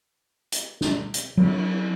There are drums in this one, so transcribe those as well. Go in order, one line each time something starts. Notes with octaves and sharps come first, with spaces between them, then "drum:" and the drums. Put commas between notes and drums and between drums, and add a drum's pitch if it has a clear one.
drum: hi-hat
drum: snare
drum: hi-hat
F#3, drum: cymbal